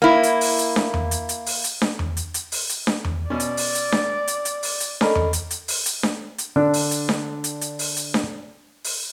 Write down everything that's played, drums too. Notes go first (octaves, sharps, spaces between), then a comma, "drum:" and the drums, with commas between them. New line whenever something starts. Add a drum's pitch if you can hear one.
A#3 E4
drum: hi-hat
drum: open hi-hat
drum: hi-hat
drum: snare D4
drum: tom E2
drum: hi-hat
drum: hi-hat
drum: open hi-hat
drum: hi-hat
drum: snare D4
drum: tom E2
drum: hi-hat
drum: hi-hat
drum: open hi-hat
drum: hi-hat
drum: snare D4
drum: tom E2
B2 C#4 D5
drum: hi-hat
drum: open hi-hat
drum: hi-hat
drum: snare D4
drum: hi-hat
drum: hi-hat
drum: open hi-hat
drum: hi-hat
C#4 D4 A4 A#4 D#5 B5, drum: snare D4
drum: tom E2
drum: hi-hat
drum: hi-hat
drum: open hi-hat
drum: hi-hat
drum: snare D4
drum: hi-hat
D3 D4
drum: open hi-hat
drum: hi-hat
drum: snare D4
drum: hi-hat
drum: hi-hat
drum: open hi-hat
drum: hi-hat
drum: snare D4
drum: open hi-hat